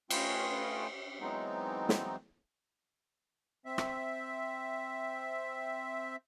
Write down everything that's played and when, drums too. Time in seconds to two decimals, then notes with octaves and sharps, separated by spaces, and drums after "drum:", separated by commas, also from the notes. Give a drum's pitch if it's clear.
0.10 A3 C#4 F4 B4 D#5 G5, drum: cymbal
1.21 E3 F#3 G#3 B3 C4 D#4
1.89 drum: snare
3.66 C4 E5
3.78 drum: rim click